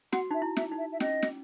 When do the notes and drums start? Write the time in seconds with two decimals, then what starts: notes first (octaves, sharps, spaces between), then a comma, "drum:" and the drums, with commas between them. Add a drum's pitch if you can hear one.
0.13 F#4 F#5, drum: snare
0.31 D#4 E5
0.42 E4
0.57 E5, drum: snare
0.72 D#4
0.78 E5
0.92 E5
1.00 C#4 D#5, drum: snare
1.22 drum: snare